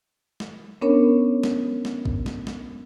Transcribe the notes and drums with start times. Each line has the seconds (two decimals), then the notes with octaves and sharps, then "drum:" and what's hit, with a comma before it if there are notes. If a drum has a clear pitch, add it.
0.40 drum: snare
0.81 B3 C#4 D4 A#4 C#5
1.43 drum: snare
1.85 drum: snare
2.05 drum: kick
2.26 drum: snare
2.47 drum: snare